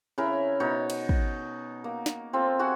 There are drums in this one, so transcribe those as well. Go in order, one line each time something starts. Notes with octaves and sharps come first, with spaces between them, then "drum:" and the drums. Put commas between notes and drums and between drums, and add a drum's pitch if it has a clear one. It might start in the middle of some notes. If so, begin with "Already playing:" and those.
C#3 E4 A#4
B2 D#4 C#5
drum: cymbal
drum: kick
A#3
drum: snare
C4 F4 A4
F#4 G#4 F#5 G#5